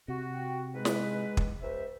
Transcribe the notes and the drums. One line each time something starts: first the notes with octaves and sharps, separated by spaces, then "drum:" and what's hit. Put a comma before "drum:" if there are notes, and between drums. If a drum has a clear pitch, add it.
C3 F#4
G5
G#2 G#3 B4
drum: snare
drum: kick
C#2 C5 E5